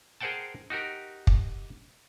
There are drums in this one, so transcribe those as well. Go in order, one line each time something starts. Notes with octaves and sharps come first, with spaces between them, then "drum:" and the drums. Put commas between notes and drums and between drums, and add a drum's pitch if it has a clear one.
G#4 A#4 C5 F#5 G5 A5
D#4 F#4 G4 A#4
drum: kick